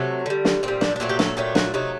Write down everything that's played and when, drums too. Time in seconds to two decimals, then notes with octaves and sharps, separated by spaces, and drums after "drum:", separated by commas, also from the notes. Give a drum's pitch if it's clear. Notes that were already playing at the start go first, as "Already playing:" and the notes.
Already playing: C3 F#3 A3
0.26 D3 G3
0.45 drum: snare
0.63 A#2 G3 C4
0.81 D4, drum: snare
0.96 D4
1.00 A#2 F#3 A3 C4
1.09 G4
1.19 A4, drum: snare
1.37 A#2 F#3 A3 G4
1.55 F#4, drum: snare
1.74 C3 F#3 A3 D#4